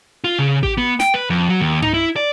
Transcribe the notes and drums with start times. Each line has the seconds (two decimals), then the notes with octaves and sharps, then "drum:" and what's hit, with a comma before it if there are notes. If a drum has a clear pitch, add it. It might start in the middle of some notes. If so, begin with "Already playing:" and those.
0.24 F4
0.39 C#3
0.63 G4, drum: kick A1
0.77 B3
1.00 G5, drum: snare
1.14 B4
1.30 F2
1.49 F#3
1.60 D#2
1.82 D#4, drum: tom G2
1.94 E4
2.16 D5